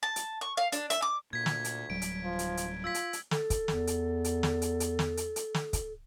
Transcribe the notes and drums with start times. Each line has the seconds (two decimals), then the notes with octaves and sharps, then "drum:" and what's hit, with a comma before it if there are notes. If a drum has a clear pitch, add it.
0.03 A5
0.16 drum: hi-hat
0.41 C#6
0.57 F5
0.72 D4, drum: hi-hat
0.90 E5, drum: hi-hat
1.02 D6
1.33 D2 A#2 G#6 B6
1.46 drum: snare
1.64 drum: hi-hat
1.90 D1 F#3 G3 D7
2.02 drum: hi-hat
2.23 F3
2.39 drum: hi-hat
2.57 drum: hi-hat
2.84 F4 E6 G#6 B6
2.94 drum: hi-hat
3.13 drum: hi-hat
3.31 A4, drum: snare
3.50 drum: kick, hi-hat
3.68 E2, drum: snare
3.87 drum: hi-hat
4.24 drum: hi-hat
4.43 drum: snare
4.62 drum: hi-hat
4.80 drum: hi-hat
4.99 drum: snare
5.17 drum: hi-hat
5.36 drum: hi-hat
5.54 drum: snare
5.73 drum: kick, hi-hat